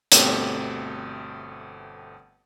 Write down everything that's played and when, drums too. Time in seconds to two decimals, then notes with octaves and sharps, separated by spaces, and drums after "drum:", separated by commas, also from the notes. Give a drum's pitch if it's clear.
0.12 G1 B2 A3 C4 G4 D#7, drum: hi-hat